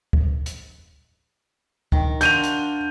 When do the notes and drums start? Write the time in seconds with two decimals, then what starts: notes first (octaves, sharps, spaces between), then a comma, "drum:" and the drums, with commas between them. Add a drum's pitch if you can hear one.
0.13 drum: kick
0.46 drum: hi-hat
1.92 D#3, drum: kick
2.21 D4 F4 F#4 G6 D#7 F7, drum: hi-hat
2.43 drum: hi-hat